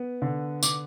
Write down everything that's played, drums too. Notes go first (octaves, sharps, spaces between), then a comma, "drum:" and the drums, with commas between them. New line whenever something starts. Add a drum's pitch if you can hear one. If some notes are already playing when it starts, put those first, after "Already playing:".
Already playing: B3
D3
D3 D6, drum: tambourine